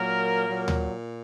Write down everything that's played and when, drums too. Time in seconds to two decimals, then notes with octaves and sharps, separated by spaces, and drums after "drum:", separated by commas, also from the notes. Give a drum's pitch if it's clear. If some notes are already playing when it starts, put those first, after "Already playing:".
Already playing: A#2 F#3 A#3 A#4
0.49 A#2 F#3
0.68 drum: tom D2